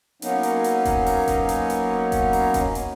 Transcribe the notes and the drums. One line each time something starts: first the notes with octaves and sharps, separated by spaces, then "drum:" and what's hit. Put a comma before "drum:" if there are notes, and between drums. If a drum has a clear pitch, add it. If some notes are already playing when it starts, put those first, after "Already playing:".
F#3 A#3 B3 C#4 D#4, drum: hi-hat
drum: hi-hat
drum: hi-hat
drum: kick E1, hi-hat
drum: open hi-hat
drum: kick E1, hi-hat
drum: hi-hat
drum: hi-hat
drum: kick E1, hi-hat
drum: open hi-hat
drum: kick E1, hi-hat
drum: hi-hat